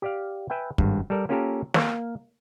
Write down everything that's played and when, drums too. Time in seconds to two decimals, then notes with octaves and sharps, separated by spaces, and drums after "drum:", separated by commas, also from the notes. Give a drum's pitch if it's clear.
0.02 G4 D5 F5
0.50 B4 E5 G5 G#5
0.78 G#1 G2, drum: kick
1.10 G3 A4 A#4 D5
1.29 A#3 C#4 F4 G4 A4 A#4
1.74 A#3 F5, drum: snare